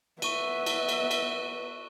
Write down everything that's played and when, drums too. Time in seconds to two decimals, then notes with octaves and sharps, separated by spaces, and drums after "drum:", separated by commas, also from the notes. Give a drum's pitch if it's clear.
0.22 B3 B4 E5 C#6 D#7, drum: cymbal
0.66 drum: cymbal
0.89 drum: cymbal
1.11 drum: cymbal